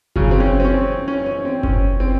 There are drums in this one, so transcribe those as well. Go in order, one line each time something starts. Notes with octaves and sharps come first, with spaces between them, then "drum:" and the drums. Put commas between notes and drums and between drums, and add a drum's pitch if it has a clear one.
C#3 F#3, drum: kick F#1
C4
C#4
C4
C#4
C#4
C#4
C4
C#4, drum: kick F#1
C4